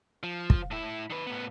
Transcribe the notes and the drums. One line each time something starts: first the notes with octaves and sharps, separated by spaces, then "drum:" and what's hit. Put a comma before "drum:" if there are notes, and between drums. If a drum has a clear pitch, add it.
F3
drum: kick
A2 E4
D#3 B4
A2 B3